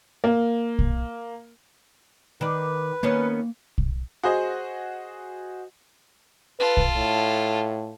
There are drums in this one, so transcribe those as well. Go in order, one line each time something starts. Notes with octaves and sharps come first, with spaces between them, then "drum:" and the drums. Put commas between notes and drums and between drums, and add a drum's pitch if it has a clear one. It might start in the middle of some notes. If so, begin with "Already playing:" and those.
A#3
drum: kick
D#3 B4 D5
D#3 A#3 B3 C#4
drum: kick
F#4 G#4 C5 D#5
F4 A4 B4
drum: kick
A2